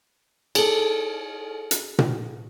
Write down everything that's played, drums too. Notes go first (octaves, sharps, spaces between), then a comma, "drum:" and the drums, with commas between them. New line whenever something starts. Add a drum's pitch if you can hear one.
G#4 A4, drum: cymbal
drum: hi-hat
drum: tom A#2